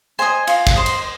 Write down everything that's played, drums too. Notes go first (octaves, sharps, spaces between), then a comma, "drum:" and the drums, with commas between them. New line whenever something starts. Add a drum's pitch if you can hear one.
C5 D#5 G#5
F4, drum: cymbal
drum: kick, cymbal
C5 D#5
drum: cymbal